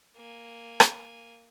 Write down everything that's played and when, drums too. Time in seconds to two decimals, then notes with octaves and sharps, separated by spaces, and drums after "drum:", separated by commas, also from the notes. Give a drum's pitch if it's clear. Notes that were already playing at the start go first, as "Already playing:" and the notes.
0.16 A#3 G#5
0.80 drum: rim click